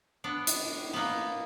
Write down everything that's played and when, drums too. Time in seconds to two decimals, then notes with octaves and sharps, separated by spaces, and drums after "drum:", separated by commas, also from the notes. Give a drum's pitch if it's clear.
0.24 B3 D4
0.47 drum: hi-hat
0.93 A#3 B3